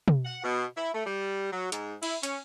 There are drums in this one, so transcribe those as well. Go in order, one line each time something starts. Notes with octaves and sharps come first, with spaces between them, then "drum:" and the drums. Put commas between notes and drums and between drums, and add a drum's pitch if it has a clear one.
drum: tom
F#5
B2
E4
A3
G3
F#3
G#2, drum: hi-hat
E4, drum: cymbal
C#4, drum: hi-hat